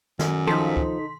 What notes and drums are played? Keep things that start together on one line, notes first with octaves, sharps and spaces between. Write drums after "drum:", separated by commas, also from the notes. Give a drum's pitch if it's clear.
F#2 D#3, drum: snare
F3 D#4 A4 C6 B6
drum: kick